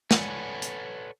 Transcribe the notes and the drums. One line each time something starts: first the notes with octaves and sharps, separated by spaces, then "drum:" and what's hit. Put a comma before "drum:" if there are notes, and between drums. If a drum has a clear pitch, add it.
A4 B4 C#5 D5 F#5 G#5, drum: snare
drum: hi-hat